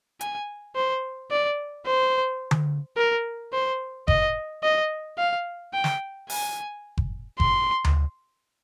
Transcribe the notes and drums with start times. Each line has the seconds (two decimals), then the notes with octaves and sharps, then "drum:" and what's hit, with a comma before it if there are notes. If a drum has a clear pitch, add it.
0.21 G#5, drum: hi-hat
0.76 C5
1.31 D5
1.86 C5
2.51 drum: tom D3
2.97 A#4
3.53 C5
4.08 D#5, drum: kick F#1
4.63 D#5
5.18 F5
5.74 G5
5.84 drum: snare
6.30 G#5, drum: open hi-hat
6.98 drum: kick F#1
7.40 C6, drum: kick F#1
7.84 drum: tom D2